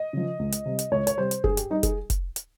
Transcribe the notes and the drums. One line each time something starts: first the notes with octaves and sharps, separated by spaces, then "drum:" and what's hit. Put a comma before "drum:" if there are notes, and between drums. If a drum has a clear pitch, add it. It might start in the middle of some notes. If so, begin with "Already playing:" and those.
Already playing: D#5
C#3 F3
C#2
drum: hi-hat
C3 G3
drum: hi-hat
C#2 C#5
C#5, drum: hi-hat
C3 G3 C5
drum: hi-hat
G2 G#4, drum: kick F1
G4, drum: hi-hat
G3 D#4
G#4, drum: kick F1, hi-hat
drum: kick F1, hi-hat
drum: hi-hat